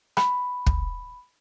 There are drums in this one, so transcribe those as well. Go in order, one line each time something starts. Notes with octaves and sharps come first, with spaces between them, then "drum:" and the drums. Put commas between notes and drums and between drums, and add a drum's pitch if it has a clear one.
B5, drum: rim click
drum: kick